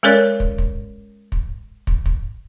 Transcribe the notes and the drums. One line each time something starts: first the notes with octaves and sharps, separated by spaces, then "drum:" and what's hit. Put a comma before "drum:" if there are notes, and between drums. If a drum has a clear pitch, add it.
G#3 C#4 A4 A#4 C#5 D5
drum: kick
drum: kick
drum: kick
drum: kick
drum: kick